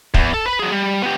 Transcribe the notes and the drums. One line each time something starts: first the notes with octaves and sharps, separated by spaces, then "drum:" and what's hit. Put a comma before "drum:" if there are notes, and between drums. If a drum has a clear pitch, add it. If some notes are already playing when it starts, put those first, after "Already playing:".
E2 E3, drum: kick
A4
B4 B5
F#3 G#4
G3
B3 G4